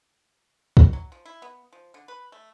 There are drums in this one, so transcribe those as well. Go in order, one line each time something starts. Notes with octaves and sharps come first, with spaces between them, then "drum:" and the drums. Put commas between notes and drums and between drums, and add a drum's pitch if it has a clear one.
drum: kick
F#3
F3
E4
B3
F3
D3
B4
A3